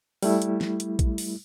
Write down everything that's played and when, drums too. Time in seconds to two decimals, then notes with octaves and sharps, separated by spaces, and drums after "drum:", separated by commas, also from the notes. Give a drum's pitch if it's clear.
0.23 G3 A3 E4, drum: open hi-hat
0.42 drum: hi-hat
0.61 drum: snare
0.80 drum: hi-hat
0.99 drum: kick A#1, hi-hat
1.18 drum: open hi-hat